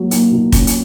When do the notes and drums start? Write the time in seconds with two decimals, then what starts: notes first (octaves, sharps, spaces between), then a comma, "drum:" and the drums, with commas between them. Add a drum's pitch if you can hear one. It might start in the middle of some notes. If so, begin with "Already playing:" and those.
Already playing: F#3 A#3
0.11 A#3, drum: hi-hat
0.31 B2
0.52 C#4, drum: kick, hi-hat
0.67 drum: hi-hat